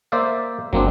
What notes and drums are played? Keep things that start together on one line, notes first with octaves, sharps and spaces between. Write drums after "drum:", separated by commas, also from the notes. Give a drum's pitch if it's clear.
A#3 C5 D5 E5 F5
F#3 A#3 C4 D4, drum: kick